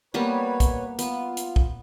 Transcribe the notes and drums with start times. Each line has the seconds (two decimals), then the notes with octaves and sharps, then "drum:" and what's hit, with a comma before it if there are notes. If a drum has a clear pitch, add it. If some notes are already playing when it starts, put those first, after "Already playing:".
0.14 G3 A#3 B3 B4 C#5
0.60 drum: kick, hi-hat
0.99 B3 F4, drum: hi-hat
1.37 drum: hi-hat
1.56 drum: kick